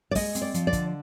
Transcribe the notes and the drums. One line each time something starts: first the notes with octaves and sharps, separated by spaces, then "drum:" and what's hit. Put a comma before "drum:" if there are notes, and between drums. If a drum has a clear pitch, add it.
D5
G#3 D#5, drum: kick, open hi-hat
C4, drum: hi-hat
D5
F3, drum: hi-hat
D5
D3, drum: kick, hi-hat